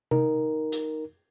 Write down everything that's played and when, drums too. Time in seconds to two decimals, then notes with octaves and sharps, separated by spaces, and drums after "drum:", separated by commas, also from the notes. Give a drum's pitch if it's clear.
0.11 D#4 A#4, drum: tom C3
0.72 drum: hi-hat